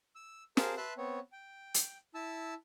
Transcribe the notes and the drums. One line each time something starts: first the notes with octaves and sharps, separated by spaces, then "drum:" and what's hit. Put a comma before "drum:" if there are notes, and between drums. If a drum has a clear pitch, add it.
E6
G#4 A#4 C5 F5 A5, drum: snare
B4 E5 A5 C6 E6 F#6
B3 C4 C#5
G5
drum: hi-hat
E4 A5 E6